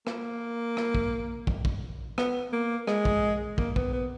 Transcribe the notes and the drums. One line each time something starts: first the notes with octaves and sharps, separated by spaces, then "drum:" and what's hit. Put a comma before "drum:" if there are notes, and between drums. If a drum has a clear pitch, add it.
A#3, drum: rim click
drum: rim click
drum: kick
drum: kick
drum: kick
B3, drum: rim click
A#3
G#3, drum: rim click
drum: kick
A#3, drum: kick
B3, drum: kick
B3